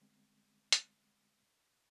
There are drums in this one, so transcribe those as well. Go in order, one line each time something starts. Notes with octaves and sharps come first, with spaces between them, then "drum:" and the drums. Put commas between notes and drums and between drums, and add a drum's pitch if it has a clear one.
D3 G3 G#3 B3 C4
drum: hi-hat